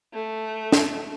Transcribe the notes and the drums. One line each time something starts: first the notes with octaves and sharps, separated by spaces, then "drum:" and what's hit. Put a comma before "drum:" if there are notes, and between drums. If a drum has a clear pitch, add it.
A3
drum: snare